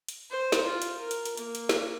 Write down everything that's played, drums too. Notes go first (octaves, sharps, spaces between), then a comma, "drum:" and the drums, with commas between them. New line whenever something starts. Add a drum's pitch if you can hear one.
drum: hi-hat
C5
drum: snare
F4
drum: hi-hat
A#4
drum: hi-hat
drum: hi-hat
A#3, drum: hi-hat
drum: hi-hat
drum: snare